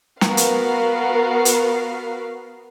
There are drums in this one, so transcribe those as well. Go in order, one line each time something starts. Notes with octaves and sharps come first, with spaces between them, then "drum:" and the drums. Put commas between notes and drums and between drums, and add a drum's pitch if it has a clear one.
B3 F#4 A#4 F5, drum: snare
drum: hi-hat
drum: hi-hat